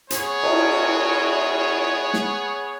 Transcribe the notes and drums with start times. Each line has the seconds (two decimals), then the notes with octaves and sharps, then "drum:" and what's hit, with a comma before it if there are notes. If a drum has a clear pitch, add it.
0.10 B3 G#4 C#5, drum: hi-hat
0.43 drum: cymbal
2.14 drum: snare